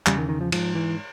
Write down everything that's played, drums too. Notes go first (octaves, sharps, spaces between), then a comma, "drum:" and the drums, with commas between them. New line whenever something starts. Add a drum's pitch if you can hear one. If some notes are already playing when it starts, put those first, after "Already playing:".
E2 C#3 G3, drum: clap
D#3
D#3
F3
G#2 F3, drum: cymbal
E3